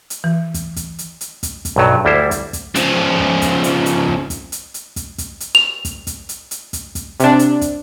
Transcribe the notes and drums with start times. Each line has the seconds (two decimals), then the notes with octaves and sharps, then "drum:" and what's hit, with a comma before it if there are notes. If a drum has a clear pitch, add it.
0.10 drum: hi-hat
0.24 E3
0.54 drum: kick, hi-hat
0.76 drum: kick, hi-hat
0.99 drum: hi-hat
1.21 drum: hi-hat
1.43 drum: kick, hi-hat
1.65 drum: kick, hi-hat
1.76 B1 G2 F#3
2.05 D2 G3 E4 C5
2.31 drum: kick, hi-hat
2.53 drum: kick, hi-hat
2.75 C#3 F3, drum: hi-hat
3.20 drum: kick
3.42 drum: kick, hi-hat
3.64 drum: hi-hat
3.86 drum: hi-hat
4.08 drum: kick
4.30 drum: kick, hi-hat
4.52 drum: hi-hat
4.74 drum: hi-hat
4.96 drum: kick, hi-hat
5.18 drum: kick, hi-hat
5.40 drum: hi-hat
5.55 F7
5.85 drum: kick, hi-hat
6.07 drum: kick, hi-hat
6.29 drum: hi-hat
6.51 drum: hi-hat
6.73 drum: kick, hi-hat
6.95 drum: kick, hi-hat
7.20 C3 D4, drum: hi-hat
7.39 drum: hi-hat
7.61 drum: kick, hi-hat